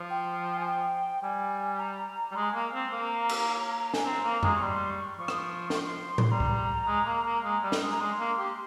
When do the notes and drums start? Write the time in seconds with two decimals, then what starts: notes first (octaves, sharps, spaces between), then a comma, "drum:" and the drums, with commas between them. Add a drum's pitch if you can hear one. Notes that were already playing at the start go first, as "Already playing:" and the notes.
Already playing: F3
0.10 G5
0.57 G#5
0.66 G5
1.23 G3 G#5
1.79 A#5
2.32 G3
2.36 G#3 C6
2.43 A#5
2.50 G#5
2.55 A#3 A#5
2.74 C4
2.92 A#3
3.29 drum: cymbal
3.94 G#5, drum: snare
4.05 C4 A#5
4.24 A#3
4.43 G#3, drum: tom F2
4.55 C#6
4.61 G3 C6
4.90 C#6
5.18 F3 C#6
5.28 D#6, drum: rim click
5.39 C#6
5.70 C#6, drum: snare
5.75 C6
6.18 drum: tom A2
6.31 G3 A#5
6.40 drum: kick C2
6.87 G#3
7.06 A#3
7.25 A#3
7.44 G#3
7.63 G3
7.72 drum: snare
7.82 G#3
7.92 A#5
8.00 G#3 C6
8.19 A#3
8.38 G4